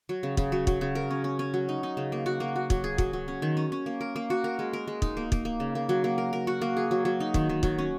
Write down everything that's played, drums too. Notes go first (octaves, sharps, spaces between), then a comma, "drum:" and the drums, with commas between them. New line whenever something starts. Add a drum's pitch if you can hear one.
F#3
C#3
C#3, drum: kick
F#3
F#3, drum: kick
C#3
A#4
C#4
C#4
C#4
F#3
D#4
D#4
C#3
A#3
F#4
A#3
F#4
F#3, drum: kick
G#4
F#3, drum: kick
F#3
C#4
D#3
C#4
C#4
A#3
A#4
A#3
F#4
A#4
G#3
A#4
G#3
D#4, drum: kick
A#3
A#3, drum: kick
A#3
C#3
A#3
F#3
A#3
A#4
A#4
F#4
A#3
G#4
F#3
F#3
D#4
D#3, drum: kick
D#3
F#3, drum: kick
C#4